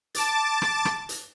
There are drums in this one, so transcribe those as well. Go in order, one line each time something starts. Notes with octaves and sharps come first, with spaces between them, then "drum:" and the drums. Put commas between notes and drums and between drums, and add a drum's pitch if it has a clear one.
A5 D6 A6, drum: hi-hat
drum: rim click
drum: rim click
drum: hi-hat